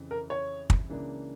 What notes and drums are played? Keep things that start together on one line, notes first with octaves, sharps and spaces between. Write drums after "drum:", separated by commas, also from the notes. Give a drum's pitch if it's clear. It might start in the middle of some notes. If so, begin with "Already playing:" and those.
Already playing: F2 C#3 E3
A#4
C#5
drum: kick
C#2 C#3 E3 A#3 D4